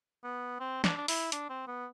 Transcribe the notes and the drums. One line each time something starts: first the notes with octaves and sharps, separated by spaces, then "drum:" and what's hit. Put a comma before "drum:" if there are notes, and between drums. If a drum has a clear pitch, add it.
B3
C4
D4, drum: snare
D4
E4, drum: open hi-hat
D4, drum: hi-hat
C4
B3